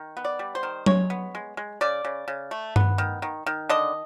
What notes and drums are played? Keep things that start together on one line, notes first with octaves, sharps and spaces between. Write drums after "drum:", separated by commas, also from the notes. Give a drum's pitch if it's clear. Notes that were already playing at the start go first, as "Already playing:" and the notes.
Already playing: D#3
B3
D5
G3
C5
D#3
G#3 C#5, drum: tom F#3
B3
G#3
G#3
C#3 D5
C#3
C#3
A3
B3, drum: tom G2
D#3
D#3
D#3
D3 D#5